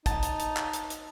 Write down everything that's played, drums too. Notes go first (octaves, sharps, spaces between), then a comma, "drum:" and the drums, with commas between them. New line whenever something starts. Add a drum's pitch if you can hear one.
D#4 A5, drum: kick, hi-hat
drum: hi-hat
drum: hi-hat
drum: clap
drum: hi-hat
drum: hi-hat